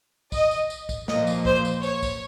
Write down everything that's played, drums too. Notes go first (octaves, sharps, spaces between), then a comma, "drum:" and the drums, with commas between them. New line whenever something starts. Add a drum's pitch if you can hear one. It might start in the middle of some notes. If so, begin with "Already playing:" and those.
D#5, drum: kick, tambourine
drum: tambourine
drum: tambourine
drum: kick, tambourine
A#2 F3 A#3 D#5, drum: snare
drum: tambourine
C5, drum: kick
drum: tambourine
C#5, drum: tambourine
drum: kick, tambourine